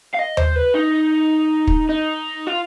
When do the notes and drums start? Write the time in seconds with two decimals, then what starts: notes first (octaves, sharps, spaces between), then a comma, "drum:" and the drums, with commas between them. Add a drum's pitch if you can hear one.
0.14 F5
0.19 D#5
0.37 C5, drum: tom D#2
0.56 B4
0.75 D#4
1.67 drum: kick
1.89 D#4
2.47 F4